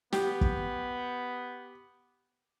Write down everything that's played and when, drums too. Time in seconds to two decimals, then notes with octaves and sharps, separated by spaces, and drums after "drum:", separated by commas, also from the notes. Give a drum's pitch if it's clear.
0.12 B3 G4, drum: snare
0.41 drum: kick